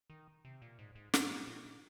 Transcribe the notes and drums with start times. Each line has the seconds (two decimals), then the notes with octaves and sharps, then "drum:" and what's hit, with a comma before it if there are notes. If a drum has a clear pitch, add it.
0.10 D#3
0.45 C3
0.62 A#2
0.79 G#2
0.95 G#2
1.14 G#2, drum: snare
1.29 A#2
1.47 A#2